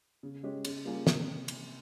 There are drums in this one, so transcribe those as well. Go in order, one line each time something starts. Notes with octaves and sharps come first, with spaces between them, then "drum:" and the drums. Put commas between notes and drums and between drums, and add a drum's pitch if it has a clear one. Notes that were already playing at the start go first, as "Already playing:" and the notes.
C#3
G#3 C#4 G4
C#3, drum: cymbal
G3 A#3 F4 G#4
C3, drum: snare
drum: cymbal